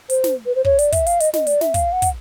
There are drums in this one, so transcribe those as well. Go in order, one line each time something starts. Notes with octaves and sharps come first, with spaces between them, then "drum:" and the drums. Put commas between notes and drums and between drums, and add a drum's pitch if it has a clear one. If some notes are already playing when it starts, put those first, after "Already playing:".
C5, drum: hi-hat
drum: snare
B4
C5
C#5, drum: kick
D5, drum: hi-hat
E5, drum: kick, hi-hat
F5, drum: hi-hat
D#5, drum: hi-hat
D#5, drum: snare
D5, drum: hi-hat
E5, drum: snare
F5, drum: kick, hi-hat
F#5
drum: kick, hi-hat